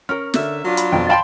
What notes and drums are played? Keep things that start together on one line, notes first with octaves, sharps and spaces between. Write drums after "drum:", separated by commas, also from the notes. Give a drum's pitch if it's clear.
C#4 A#4 F6
D3 E5, drum: snare
F#3 D4 F4
B5, drum: hi-hat
F2 B2 G5
D5 F5 G5 A5 B5 C6